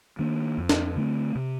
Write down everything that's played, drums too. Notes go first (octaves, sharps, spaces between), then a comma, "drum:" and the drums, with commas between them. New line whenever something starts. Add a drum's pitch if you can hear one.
D#3 A#3 D4
F2
drum: snare
D3 A3 C4
C3